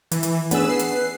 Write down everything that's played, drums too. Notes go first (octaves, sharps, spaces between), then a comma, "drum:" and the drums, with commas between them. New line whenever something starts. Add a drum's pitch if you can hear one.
E3, drum: hi-hat
drum: hi-hat
B3 C#4 D4 G#4 B4 E6, drum: hi-hat
B4 C7
drum: hi-hat